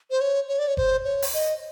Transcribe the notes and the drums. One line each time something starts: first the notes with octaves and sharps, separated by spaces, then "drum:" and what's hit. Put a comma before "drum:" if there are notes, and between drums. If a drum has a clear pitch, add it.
C5
C#5
C#5
D5
C#5
C5, drum: kick F#1
C#5
drum: open hi-hat
D#5